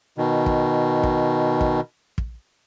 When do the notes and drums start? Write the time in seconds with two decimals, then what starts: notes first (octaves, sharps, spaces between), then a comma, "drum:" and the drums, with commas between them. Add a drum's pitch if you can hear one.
0.18 B2 D#3
0.46 drum: kick
1.03 drum: kick
1.61 drum: kick
2.18 drum: kick